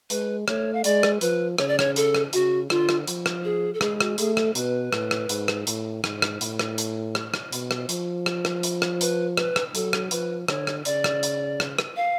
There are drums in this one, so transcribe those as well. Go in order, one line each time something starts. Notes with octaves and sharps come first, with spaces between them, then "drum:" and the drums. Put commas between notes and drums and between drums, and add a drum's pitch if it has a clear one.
G#3 B4, drum: hi-hat
A3 C#5, drum: rim click
F5
G#3 D5, drum: hi-hat
drum: rim click
F3 B4, drum: hi-hat
C#3 C#5, drum: rim click
D5
C#5, drum: rim click
A4, drum: hi-hat
drum: rim click
C#3 F#4, drum: hi-hat
D3 F4, drum: rim click
drum: rim click
F3, drum: hi-hat
drum: rim click
G#4
A4
G#3 G#4, drum: rim click
F#4, drum: rim click
A3 G#4, drum: hi-hat
A4, drum: rim click
B2 B4, drum: hi-hat
A2, drum: rim click
drum: rim click
G#2, drum: hi-hat
drum: rim click
A2, drum: hi-hat
G#2, drum: rim click
drum: rim click
A2, drum: hi-hat
drum: rim click
drum: hi-hat
drum: rim click
drum: rim click
B2, drum: hi-hat
drum: rim click
F3, drum: hi-hat
drum: rim click
drum: rim click
drum: hi-hat
drum: rim click
B4, drum: hi-hat
B4, drum: rim click
drum: rim click
F#3 A4, drum: hi-hat
drum: rim click
F3 B4, drum: hi-hat
D3 C#5, drum: rim click
drum: rim click
C#3 D5, drum: hi-hat
drum: rim click
drum: hi-hat
drum: rim click
drum: rim click
F5